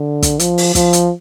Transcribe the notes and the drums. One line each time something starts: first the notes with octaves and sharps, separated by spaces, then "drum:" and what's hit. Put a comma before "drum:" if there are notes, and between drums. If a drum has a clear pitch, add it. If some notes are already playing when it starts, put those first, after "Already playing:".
Already playing: D3
drum: kick, hi-hat
F3, drum: hi-hat
drum: open hi-hat
F3, drum: kick, hi-hat
drum: hi-hat